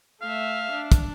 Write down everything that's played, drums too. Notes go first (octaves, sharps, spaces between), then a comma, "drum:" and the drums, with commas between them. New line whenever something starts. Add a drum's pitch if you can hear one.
A3 E5 F5
D4
drum: kick, hi-hat